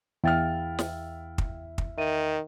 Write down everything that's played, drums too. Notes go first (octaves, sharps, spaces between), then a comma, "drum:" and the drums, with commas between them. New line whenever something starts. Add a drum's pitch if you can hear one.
E2 E4 F5 G5 F6 A6
drum: snare
drum: kick
drum: kick
D#3 E5 D#7